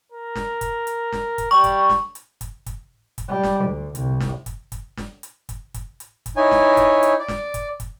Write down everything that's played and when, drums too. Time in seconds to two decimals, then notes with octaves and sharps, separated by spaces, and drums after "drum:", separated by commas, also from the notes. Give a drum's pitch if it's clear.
0.12 A#4
0.35 drum: snare
0.61 drum: kick, hi-hat
0.87 drum: hi-hat
1.12 drum: snare
1.38 drum: kick, hi-hat
1.51 G3 C#6
1.64 drum: kick, hi-hat
1.89 drum: snare
2.15 drum: hi-hat
2.41 drum: kick, hi-hat
2.66 drum: kick, hi-hat
3.18 drum: kick, hi-hat
3.28 G3
3.43 drum: snare
3.64 D2
3.95 C2, drum: hi-hat
4.20 drum: snare
4.46 drum: kick, hi-hat
4.72 drum: kick, hi-hat
4.97 drum: snare
5.23 drum: hi-hat
5.49 drum: kick, hi-hat
5.74 drum: kick, hi-hat
6.00 drum: hi-hat
6.26 drum: kick, hi-hat
6.36 D#4 E4 C#5 G#5
6.51 drum: snare
6.77 drum: kick, hi-hat
7.03 drum: hi-hat
7.19 D5
7.28 drum: snare
7.54 drum: kick, hi-hat
7.80 drum: kick, hi-hat